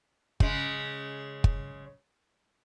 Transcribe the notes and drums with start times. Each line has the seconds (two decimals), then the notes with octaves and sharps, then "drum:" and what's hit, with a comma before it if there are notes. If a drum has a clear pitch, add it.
0.40 C#3 G#3, drum: kick
1.44 drum: kick